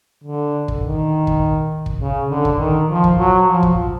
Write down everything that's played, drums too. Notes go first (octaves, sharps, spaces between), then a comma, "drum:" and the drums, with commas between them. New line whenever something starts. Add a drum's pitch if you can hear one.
D3
drum: kick
D#3
drum: kick
drum: kick
C#3
D3
drum: kick
D#3
F3
drum: kick
F#3
F3
drum: kick